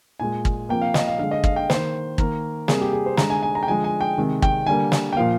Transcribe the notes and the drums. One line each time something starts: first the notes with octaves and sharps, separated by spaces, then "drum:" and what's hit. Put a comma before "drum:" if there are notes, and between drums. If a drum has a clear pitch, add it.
A#2 G#3 G#5
drum: kick
C3 F3 A#3 G5
F5
D#5, drum: snare
F5
D3 G#3 F5
D#5
F5, drum: kick
G5
D#3 A#3 C5, drum: snare
D#3 A#3 A#4, drum: kick
C3 G3 A#3 G#4, drum: snare
G4
G#4
C5
D3 G#3 A#5, drum: snare
G#5
G#5
A#5
G5
D3 F3 G#3 G#5
G#5
G5
C3 D#3 G#3
G5, drum: kick
D3 G3 A#3 G#5
drum: snare
G5
A#2 F3 A#3 F5